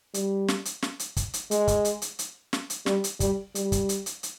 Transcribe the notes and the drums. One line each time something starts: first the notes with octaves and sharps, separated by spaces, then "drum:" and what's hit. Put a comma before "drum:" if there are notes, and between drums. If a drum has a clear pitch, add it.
G3, drum: hi-hat
drum: snare
drum: hi-hat
drum: snare
drum: hi-hat
drum: kick, hi-hat
drum: hi-hat
G#3, drum: hi-hat
drum: kick, hi-hat
drum: hi-hat
drum: hi-hat
drum: hi-hat
drum: snare
drum: hi-hat
G3, drum: snare
drum: hi-hat
G3, drum: kick, hi-hat
G3, drum: hi-hat
drum: kick, hi-hat
drum: hi-hat
drum: hi-hat
drum: hi-hat